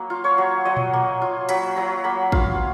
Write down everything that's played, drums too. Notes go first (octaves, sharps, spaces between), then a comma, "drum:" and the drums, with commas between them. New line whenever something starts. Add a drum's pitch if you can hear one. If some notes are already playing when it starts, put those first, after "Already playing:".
Already playing: F#3 A#3
F4
C#5
F#3
F#3 D#5
drum: tom A#2
A#3
F4
F#3 B5, drum: hi-hat
F#3 A#5
A#3 B5
F4 F5, drum: kick